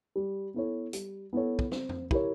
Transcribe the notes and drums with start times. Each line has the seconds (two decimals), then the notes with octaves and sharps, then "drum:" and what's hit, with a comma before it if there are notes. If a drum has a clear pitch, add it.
0.16 G3
0.54 B3 E4 A4 C#5
0.93 G3, drum: hi-hat
1.33 B3 E4 A4 C#5
1.59 drum: kick
1.72 C4, drum: snare
1.89 drum: tom F2
2.11 E4 G4 A#4 C#5, drum: kick